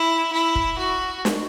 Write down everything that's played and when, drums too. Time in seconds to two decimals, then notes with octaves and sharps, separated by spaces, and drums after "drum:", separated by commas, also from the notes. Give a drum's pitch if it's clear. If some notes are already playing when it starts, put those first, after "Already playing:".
Already playing: E4
0.33 E4
0.55 drum: kick
0.78 F#4
1.25 drum: snare